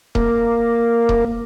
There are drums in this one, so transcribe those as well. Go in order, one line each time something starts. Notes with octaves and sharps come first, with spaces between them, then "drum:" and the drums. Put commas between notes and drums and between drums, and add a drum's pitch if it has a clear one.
A#3, drum: kick D#1
drum: kick D#1